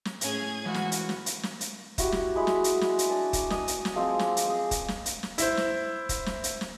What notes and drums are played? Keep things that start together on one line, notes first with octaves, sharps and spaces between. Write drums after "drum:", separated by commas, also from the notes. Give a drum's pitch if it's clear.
drum: snare
A2 C#4 G#4 G#6, drum: hi-hat
E3 G#3 F4 F#4
drum: snare
drum: hi-hat
drum: snare
drum: hi-hat
drum: snare
drum: hi-hat
E4 F#4 G4, drum: kick, hi-hat
drum: snare
G#3 E4 B5
drum: snare
drum: hi-hat
drum: snare
drum: hi-hat
D4 D5 G#5
drum: kick, hi-hat
D#5 D#6, drum: snare
drum: hi-hat
drum: snare
F3 G#3 C4 D6
drum: snare
drum: hi-hat
C4 G#4
drum: kick, hi-hat
drum: snare
drum: hi-hat
drum: snare
E4 C5, drum: hi-hat
drum: snare
drum: kick, hi-hat
drum: snare
drum: hi-hat
drum: snare